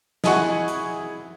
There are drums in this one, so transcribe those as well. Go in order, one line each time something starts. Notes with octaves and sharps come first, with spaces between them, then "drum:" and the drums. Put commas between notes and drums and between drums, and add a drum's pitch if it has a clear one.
E4 G#4 D#5 F#5 G#5 C#6, drum: snare
drum: hi-hat